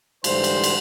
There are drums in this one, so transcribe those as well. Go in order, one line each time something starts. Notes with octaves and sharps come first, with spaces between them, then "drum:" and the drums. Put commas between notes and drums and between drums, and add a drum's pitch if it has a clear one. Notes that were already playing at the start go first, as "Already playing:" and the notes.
G#2 D3 E3 G3 C5, drum: cymbal
drum: cymbal
drum: cymbal